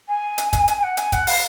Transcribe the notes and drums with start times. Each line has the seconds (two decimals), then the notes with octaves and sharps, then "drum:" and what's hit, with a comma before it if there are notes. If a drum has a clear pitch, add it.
0.08 G#5
0.38 drum: hi-hat
0.53 drum: kick, hi-hat
0.68 drum: hi-hat
0.77 G#5
0.83 F#5
0.97 G#5, drum: hi-hat
1.12 F#5, drum: kick, hi-hat
1.27 F5, drum: open hi-hat